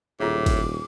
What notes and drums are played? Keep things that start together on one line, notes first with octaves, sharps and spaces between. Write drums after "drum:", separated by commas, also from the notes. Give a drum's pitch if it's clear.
D#1 A2 F4 G#4 D6
drum: kick G#1, cymbal